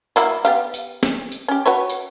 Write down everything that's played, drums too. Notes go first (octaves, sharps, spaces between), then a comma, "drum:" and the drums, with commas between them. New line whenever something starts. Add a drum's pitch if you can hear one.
F#3 A#3 E4, drum: tambourine
B3 G4 F5, drum: tambourine
drum: tambourine
drum: snare
drum: tambourine
C#4 G4
F#4 B4 C#5
drum: tambourine